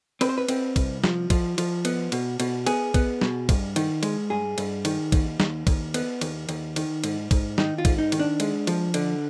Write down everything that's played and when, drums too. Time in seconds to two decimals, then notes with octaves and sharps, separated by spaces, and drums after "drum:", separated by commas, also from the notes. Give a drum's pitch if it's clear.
0.21 C4 B4, drum: cymbal
0.29 C5
0.38 B4
0.49 C4, drum: cymbal
0.76 C2, drum: kick, cymbal
1.04 F3, drum: snare
1.30 F3, drum: kick, cymbal
1.58 F3, drum: cymbal
1.85 B3, drum: cymbal
2.12 B2, drum: cymbal
2.40 B2, drum: cymbal
2.66 B3 G#4, drum: cymbal
2.94 B3, drum: kick, cymbal
3.21 B2, drum: snare
3.49 G2, drum: kick, cymbal
3.76 D#3, drum: cymbal
4.03 G#3, drum: cymbal
4.30 G2 G#4
4.58 G2, drum: cymbal
4.85 D#3, drum: cymbal
5.12 D#2, drum: kick, cymbal
5.40 D#2, drum: snare
5.67 D#2, drum: kick, cymbal
5.94 B3, drum: cymbal
6.21 D#2, drum: cymbal
6.49 D#2, drum: cymbal
6.76 D#3, drum: cymbal
7.04 G#2, drum: cymbal
7.31 G#2, drum: kick, cymbal
7.58 D#3 D#4, drum: snare
7.78 F4
7.85 G#2, drum: kick, cymbal
7.98 D#4
8.12 D#3, drum: cymbal
8.19 D4
8.40 G#3, drum: cymbal
8.67 F3, drum: cymbal
8.94 D3, drum: cymbal